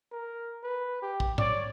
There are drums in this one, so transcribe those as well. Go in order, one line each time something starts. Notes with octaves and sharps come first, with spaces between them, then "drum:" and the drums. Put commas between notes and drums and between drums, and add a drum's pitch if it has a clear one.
A#4
B4
G4
drum: kick A#1
C#5 D5, drum: tom G#2